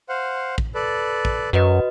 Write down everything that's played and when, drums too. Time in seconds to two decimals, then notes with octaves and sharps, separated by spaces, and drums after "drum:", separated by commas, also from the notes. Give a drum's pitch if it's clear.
0.09 C5 F5 F#5
0.58 drum: kick
0.75 A4 B4 D5
1.25 drum: kick
1.53 F#2 F#4 B4 D#5